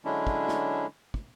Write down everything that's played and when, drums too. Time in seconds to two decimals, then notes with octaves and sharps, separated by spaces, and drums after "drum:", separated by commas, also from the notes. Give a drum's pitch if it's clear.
0.05 D3 F#3 G#3 C#4 D4 E4
0.27 drum: kick
0.48 drum: snare
1.14 drum: kick